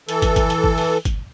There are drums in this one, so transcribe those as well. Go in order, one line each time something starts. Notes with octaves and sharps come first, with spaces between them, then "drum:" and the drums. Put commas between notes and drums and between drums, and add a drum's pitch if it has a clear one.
E3 A4, drum: hi-hat
drum: kick, hi-hat
drum: kick, hi-hat
drum: hi-hat
drum: kick
drum: open hi-hat
drum: kick, hi-hat